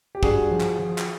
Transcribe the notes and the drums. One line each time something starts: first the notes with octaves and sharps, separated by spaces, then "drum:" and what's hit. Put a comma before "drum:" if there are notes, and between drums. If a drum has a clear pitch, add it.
G4
G2 F#4 G#4, drum: kick
F3
drum: clap
F3
drum: clap